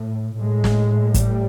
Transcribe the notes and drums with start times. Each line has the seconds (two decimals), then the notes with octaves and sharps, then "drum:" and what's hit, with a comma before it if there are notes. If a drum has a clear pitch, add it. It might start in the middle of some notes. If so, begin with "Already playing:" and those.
Already playing: A2
0.39 A2 G#3
0.64 drum: snare
1.14 G3, drum: kick, hi-hat